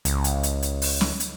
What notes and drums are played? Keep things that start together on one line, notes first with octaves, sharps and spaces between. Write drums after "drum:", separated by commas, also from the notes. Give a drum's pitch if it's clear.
C#2, drum: hi-hat
drum: hi-hat
drum: hi-hat
drum: hi-hat
drum: open hi-hat
drum: snare
drum: hi-hat